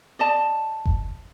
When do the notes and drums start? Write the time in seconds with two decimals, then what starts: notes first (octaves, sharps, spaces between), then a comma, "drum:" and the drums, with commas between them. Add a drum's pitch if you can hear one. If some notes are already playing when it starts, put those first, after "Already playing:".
0.19 D5 D#5 A5
0.86 drum: kick F#1